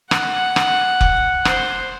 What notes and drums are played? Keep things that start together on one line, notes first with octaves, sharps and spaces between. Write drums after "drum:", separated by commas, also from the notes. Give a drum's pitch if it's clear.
F#5, drum: rim click
drum: rim click
drum: kick F1
C5, drum: rim click